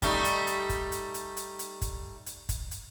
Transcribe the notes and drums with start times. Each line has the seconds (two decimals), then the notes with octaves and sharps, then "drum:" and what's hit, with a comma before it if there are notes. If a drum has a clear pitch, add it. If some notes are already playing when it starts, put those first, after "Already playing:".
0.02 G3 A3 D#4, drum: kick, hi-hat
0.25 drum: hi-hat
0.47 drum: hi-hat
0.69 drum: kick, hi-hat
0.92 drum: hi-hat
1.14 drum: hi-hat
1.37 drum: hi-hat
1.59 drum: hi-hat
1.82 drum: kick, hi-hat
2.26 drum: hi-hat
2.49 drum: kick, hi-hat
2.71 drum: hi-hat